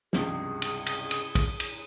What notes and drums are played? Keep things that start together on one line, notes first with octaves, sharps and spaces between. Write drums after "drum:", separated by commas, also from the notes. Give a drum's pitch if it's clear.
C#2 G2 C3 G#4, drum: snare
drum: cymbal
drum: cymbal
drum: cymbal
drum: kick, cymbal
drum: cymbal